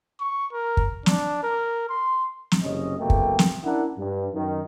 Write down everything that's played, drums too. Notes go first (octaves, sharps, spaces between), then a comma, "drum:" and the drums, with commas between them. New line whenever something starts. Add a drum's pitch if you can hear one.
C#6
A#4
drum: kick
D4, drum: snare
A#4
C6
drum: snare
F#1 C3 C#4 D#5
F#1 B2 A3 A#3 G5
drum: kick
drum: snare
C#4 D4 E4 A#4 F#5
G2
F#2 D#3